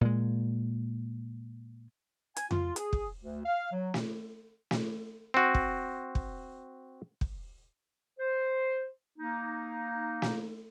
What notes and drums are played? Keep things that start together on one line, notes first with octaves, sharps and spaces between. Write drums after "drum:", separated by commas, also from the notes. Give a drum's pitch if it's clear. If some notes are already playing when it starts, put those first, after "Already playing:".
A#2 G#3
G#5, drum: hi-hat
F4, drum: tom F2
G#4, drum: hi-hat
drum: kick
D2
F5
F#3
drum: snare
drum: snare
C4 F#4
drum: kick
drum: kick
drum: kick
C5
A#3 D#4
drum: snare